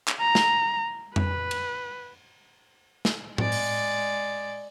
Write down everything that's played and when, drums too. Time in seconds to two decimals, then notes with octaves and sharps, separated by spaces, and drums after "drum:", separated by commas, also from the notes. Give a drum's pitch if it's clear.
0.08 drum: clap
0.21 A#5
0.35 drum: snare
1.16 B4, drum: tom F2
1.51 drum: cymbal
3.05 drum: snare
3.38 G#3 D5, drum: tom A2
3.52 drum: open hi-hat